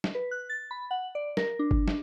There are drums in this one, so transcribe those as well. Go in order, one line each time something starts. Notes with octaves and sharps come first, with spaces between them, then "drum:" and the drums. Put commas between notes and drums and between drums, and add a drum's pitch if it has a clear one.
drum: snare
B4
F#6
A6
B5
F#5
D5
A#4, drum: snare
D4
drum: kick G1
drum: snare